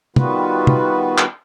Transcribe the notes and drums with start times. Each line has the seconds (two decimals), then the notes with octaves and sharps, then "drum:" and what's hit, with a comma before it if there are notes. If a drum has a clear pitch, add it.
0.16 D#3 G3 B3 F4 F#4 B4, drum: tom
0.67 drum: tom
1.18 drum: clap